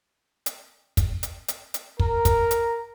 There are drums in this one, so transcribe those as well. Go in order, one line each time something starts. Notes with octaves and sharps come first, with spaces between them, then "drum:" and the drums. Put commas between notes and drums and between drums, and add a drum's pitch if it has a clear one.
drum: hi-hat
drum: kick, hi-hat
drum: hi-hat
drum: hi-hat
drum: hi-hat
A#4, drum: kick
drum: kick, hi-hat
drum: hi-hat